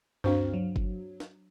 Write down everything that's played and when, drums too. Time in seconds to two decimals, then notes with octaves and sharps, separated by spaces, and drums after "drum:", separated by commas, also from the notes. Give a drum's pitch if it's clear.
0.24 D2 G2 C4 D4 F#4 C5 F5
0.54 F#3
0.76 drum: kick G1
1.20 drum: snare